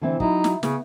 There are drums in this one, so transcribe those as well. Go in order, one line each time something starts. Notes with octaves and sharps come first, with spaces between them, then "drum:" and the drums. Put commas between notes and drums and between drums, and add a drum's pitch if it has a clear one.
D3 E3 C4
F#3 D#4 E4, drum: kick
drum: snare
C#3 B3, drum: snare